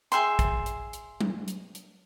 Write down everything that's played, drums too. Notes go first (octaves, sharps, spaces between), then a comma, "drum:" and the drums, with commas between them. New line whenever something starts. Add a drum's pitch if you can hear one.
G#4 E5 G5 C6, drum: hi-hat
drum: kick, hi-hat
drum: hi-hat
drum: hi-hat
drum: tom F#3
drum: hi-hat
drum: hi-hat